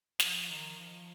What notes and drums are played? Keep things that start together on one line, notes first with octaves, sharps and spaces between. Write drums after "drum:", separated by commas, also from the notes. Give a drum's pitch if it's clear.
F3, drum: snare
D#3
F3